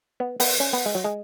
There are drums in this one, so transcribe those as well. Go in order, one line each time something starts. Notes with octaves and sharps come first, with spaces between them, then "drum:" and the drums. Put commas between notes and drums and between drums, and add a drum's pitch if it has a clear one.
B3
B3, drum: open hi-hat
C#4
B3
G#3
F#3
G#3